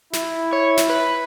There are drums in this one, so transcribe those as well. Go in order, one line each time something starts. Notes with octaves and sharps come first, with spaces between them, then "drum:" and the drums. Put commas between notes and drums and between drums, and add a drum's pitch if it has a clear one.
E4, drum: snare
C#5
drum: snare
B4